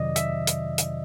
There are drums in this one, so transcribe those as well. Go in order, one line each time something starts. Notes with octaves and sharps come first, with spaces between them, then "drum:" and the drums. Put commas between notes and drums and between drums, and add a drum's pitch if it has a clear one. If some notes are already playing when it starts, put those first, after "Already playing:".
Already playing: F2 C3 D#3 F#3 D5 D#5
E5, drum: hi-hat
drum: hi-hat
drum: hi-hat